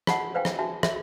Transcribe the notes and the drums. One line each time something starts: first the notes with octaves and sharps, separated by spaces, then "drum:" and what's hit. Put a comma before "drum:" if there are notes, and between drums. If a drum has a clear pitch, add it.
F#5 A5 B5, drum: rim click
B4 C5 F5 G5 G#5
drum: rim click
F#4 E5 G#5 A5
E5, drum: rim click